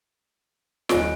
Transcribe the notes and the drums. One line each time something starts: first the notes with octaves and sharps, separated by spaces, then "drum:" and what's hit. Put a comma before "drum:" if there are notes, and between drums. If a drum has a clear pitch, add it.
D#1 D5 D#5 G#5 D7, drum: snare